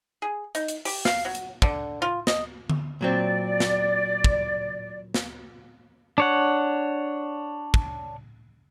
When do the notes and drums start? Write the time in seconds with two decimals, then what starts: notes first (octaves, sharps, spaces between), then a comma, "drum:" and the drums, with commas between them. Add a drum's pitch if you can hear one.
0.22 G#4
0.55 D#4, drum: hi-hat
0.68 drum: hi-hat
0.85 G4, drum: open hi-hat
1.05 F5, drum: snare
1.25 F#3
1.35 drum: hi-hat
1.62 D3, drum: kick
2.02 F4
2.27 D#5, drum: snare
2.70 drum: tom D3
3.01 A#2 F#3 C4 D5
3.60 drum: snare
4.24 drum: kick
5.14 drum: snare
6.18 D4 C#5 F#5
7.74 drum: kick